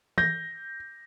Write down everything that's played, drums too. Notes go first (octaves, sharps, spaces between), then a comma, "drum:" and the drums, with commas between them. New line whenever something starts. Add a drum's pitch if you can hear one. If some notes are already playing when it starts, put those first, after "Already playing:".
G6 A#6, drum: tom E3